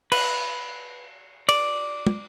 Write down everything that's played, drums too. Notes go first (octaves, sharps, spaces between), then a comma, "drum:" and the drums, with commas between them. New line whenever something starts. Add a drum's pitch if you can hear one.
B4, drum: cymbal
D5, drum: cymbal
drum: tom